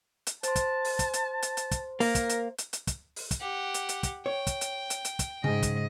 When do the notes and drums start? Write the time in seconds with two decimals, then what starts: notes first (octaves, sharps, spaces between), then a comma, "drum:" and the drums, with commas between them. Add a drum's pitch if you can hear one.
0.27 drum: hi-hat
0.43 C5 A5 C6, drum: hi-hat
0.56 drum: kick, hi-hat
0.84 drum: open hi-hat
0.99 drum: kick, hi-hat
1.13 drum: hi-hat
1.42 drum: hi-hat
1.57 drum: hi-hat
1.71 drum: kick, hi-hat
2.00 A#3 A#4, drum: open hi-hat
2.15 drum: kick, hi-hat
2.29 drum: hi-hat
2.58 drum: hi-hat
2.73 drum: hi-hat
2.87 drum: kick, hi-hat
3.16 drum: open hi-hat
3.31 drum: kick, hi-hat
3.40 G4 F#5
3.74 drum: hi-hat
3.89 drum: hi-hat
4.03 drum: kick, hi-hat
4.26 C#5 G5
4.47 drum: kick, hi-hat
4.61 drum: hi-hat
4.90 drum: hi-hat
5.05 drum: hi-hat
5.19 drum: kick, hi-hat
5.44 G#2 C#3 D#5
5.63 drum: kick, hi-hat